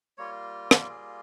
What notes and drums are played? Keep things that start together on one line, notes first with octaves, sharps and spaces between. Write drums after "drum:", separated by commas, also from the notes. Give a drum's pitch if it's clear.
G3 A#3 F4 C#5
drum: rim click
G#4